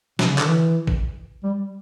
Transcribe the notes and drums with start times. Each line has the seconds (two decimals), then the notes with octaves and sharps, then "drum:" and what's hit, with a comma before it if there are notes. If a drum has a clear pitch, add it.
0.19 B2, drum: snare
0.29 C#3
0.38 D3, drum: clap
0.48 E3
0.87 drum: kick
1.43 G3